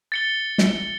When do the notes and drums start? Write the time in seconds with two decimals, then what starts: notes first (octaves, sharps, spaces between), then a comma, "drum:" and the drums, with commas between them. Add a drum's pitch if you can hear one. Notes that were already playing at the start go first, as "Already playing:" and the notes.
0.12 A6 C#7 G7
0.58 drum: snare